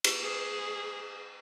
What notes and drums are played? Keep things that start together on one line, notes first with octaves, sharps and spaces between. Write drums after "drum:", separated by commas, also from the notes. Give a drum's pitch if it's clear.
drum: cymbal
G#4